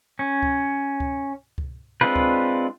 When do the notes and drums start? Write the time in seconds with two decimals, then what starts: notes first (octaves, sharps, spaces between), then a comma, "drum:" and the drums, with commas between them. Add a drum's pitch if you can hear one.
0.19 C#4
0.43 drum: kick C#2
1.00 drum: kick C#2
1.58 drum: kick C#2
2.01 G#3 C4 D4 F4 B4
2.16 drum: kick C#2